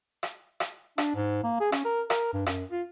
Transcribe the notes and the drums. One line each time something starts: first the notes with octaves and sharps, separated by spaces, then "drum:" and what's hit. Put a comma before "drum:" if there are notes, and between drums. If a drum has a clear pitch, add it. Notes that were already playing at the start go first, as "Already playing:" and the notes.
drum: rim click
drum: rim click
D4, drum: rim click
G#2
A#3
G#4
C#4, drum: rim click
A#4
A#4, drum: rim click
G2
F#2, drum: rim click
F4